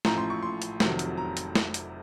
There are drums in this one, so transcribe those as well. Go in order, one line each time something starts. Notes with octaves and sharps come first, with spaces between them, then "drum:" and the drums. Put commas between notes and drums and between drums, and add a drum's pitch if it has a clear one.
A1 A2 F3 A#5, drum: snare
C6
C#6
C6
drum: hi-hat
F1 F2 C3 D#3 F#3, drum: snare
drum: hi-hat
A#5
drum: hi-hat
drum: snare
drum: hi-hat